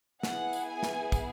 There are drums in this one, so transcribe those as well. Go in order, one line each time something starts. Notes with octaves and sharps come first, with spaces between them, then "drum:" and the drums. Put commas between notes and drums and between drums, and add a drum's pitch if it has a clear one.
B3 E4 G#4 F#5, drum: snare
drum: tambourine
G#5
drum: snare
drum: kick, tambourine